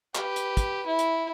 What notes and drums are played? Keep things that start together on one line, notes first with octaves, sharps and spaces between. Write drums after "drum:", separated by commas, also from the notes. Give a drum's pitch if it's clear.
G4 B4, drum: clap
drum: hi-hat
drum: kick, hi-hat
E4
drum: hi-hat